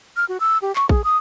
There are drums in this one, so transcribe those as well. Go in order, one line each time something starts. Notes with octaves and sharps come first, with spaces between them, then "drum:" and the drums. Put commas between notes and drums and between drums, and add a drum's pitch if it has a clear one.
F6
F#4
E6
G4
C#6, drum: clap
G#4, drum: kick A#1
D#6